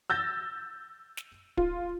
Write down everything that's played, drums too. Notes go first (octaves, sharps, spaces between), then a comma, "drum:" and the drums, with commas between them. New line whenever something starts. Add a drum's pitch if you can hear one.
E6 G6 A6 A#6
drum: snare
F4, drum: kick